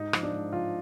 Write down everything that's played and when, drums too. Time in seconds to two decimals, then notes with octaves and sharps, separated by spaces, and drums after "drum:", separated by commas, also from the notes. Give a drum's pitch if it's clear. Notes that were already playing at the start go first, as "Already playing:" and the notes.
Already playing: G#2 D#4
0.13 F3, drum: rim click
0.23 D4
0.33 G#2
0.53 F3 F4